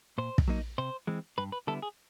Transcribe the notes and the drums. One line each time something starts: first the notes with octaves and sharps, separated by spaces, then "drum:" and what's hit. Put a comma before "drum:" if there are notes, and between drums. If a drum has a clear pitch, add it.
A#2 C5
drum: kick
F#3 A#3 D#4
C3 C5
E3 G#3 C4
G2 B4
B4
D3 G3 B3 E4 A4
G#4